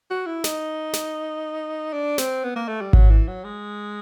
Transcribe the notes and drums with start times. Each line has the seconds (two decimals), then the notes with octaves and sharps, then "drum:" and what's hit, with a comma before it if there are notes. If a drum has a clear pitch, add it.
0.11 F#4
0.26 E4
0.44 D#4, drum: snare
0.93 drum: snare
1.93 D4
2.18 C4, drum: snare
2.44 B3
2.56 A#3
2.68 A3
2.81 G3
2.93 F#3, drum: kick G#1
3.10 E3
3.28 F#3
3.44 G#3